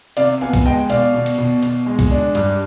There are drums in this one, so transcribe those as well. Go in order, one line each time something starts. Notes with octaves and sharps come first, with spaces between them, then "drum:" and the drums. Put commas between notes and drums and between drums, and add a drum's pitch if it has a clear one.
C3 D5 F5, drum: cymbal
B3 F5 G#5
drum: kick, cymbal
G#3 D#5 G5
B2 D5 F5, drum: cymbal
B2
drum: cymbal
B2
B2, drum: cymbal
G#3
drum: kick, cymbal
D4
G2, drum: cymbal